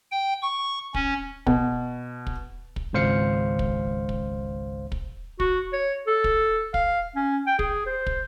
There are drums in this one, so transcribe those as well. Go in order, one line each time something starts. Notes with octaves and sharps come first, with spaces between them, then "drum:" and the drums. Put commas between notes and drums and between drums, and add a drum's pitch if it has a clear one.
G5
C#6
C#4, drum: kick
B2, drum: kick
drum: kick
drum: kick
G#1 C#2 C5 F5 C#7
drum: kick
drum: kick
drum: kick
F#4, drum: kick
C#5
A4
drum: kick
F5, drum: kick
C#4
G5
G#4, drum: kick
C5
drum: kick